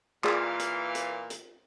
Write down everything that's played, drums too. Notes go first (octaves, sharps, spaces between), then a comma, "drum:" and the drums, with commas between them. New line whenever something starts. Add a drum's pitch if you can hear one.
A#2 E3 F4 G#4 D5 F5, drum: clap
drum: hi-hat
drum: hi-hat
drum: hi-hat